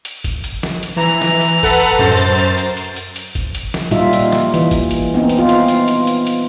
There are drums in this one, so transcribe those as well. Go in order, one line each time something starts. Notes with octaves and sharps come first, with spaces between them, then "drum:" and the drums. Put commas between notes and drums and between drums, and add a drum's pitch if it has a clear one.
drum: hi-hat
drum: kick, hi-hat
drum: hi-hat
drum: snare
drum: hi-hat
E3 A#5
drum: snare
drum: hi-hat
A4 B4 F#5, drum: kick, hi-hat
drum: hi-hat
F#2 C5 A6, drum: tom
drum: hi-hat
drum: hi-hat
drum: hi-hat
drum: hi-hat
drum: hi-hat
drum: hi-hat
drum: kick, hi-hat
drum: hi-hat
drum: snare
A#2 G3 D#4 F4 E5, drum: hi-hat
drum: hi-hat
drum: snare
E3, drum: hi-hat
drum: kick, hi-hat
drum: hi-hat
B3 C4 D#4
drum: hi-hat
F4
drum: hi-hat
drum: hi-hat
drum: hi-hat
drum: hi-hat
drum: hi-hat